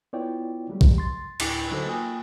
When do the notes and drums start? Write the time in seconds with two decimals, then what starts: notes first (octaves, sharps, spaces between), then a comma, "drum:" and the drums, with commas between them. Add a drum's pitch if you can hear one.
0.13 B3 E4 F4 C#5 D5 G5
0.69 F#3 G3 A3 G4
0.81 drum: kick
0.97 F2 C6 A6
1.40 D2 A2 D4 E4 G5 D6, drum: cymbal
1.71 D3 F#3 D#4 F#4 A4 C5
1.86 A#3 F4 G5 G#5 D#6